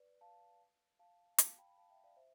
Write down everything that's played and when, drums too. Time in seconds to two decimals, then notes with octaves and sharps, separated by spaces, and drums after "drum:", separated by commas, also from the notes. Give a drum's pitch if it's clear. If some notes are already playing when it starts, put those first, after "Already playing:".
Already playing: B4 D5
0.21 F5 A5
0.99 F5 A5
1.38 F5 A5, drum: hi-hat
1.58 G5 B5
1.69 B5
1.78 F5 A5
1.91 E5 G5
2.04 D5 F5
2.17 C5 E5